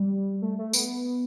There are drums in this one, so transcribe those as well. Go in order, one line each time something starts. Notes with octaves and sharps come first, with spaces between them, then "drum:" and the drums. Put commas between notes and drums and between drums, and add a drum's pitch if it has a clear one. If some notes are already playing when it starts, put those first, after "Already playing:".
Already playing: G3
A3
A3
B3, drum: tambourine